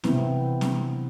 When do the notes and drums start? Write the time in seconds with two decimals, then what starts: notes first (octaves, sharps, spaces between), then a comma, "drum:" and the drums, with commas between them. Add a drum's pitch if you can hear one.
0.04 C3 E3 B3 C4 E4, drum: snare C4
0.61 drum: snare C4